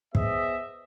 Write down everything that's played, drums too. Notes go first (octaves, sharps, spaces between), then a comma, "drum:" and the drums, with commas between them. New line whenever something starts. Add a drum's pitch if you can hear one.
B3 G#4 C5 D#5 E5, drum: kick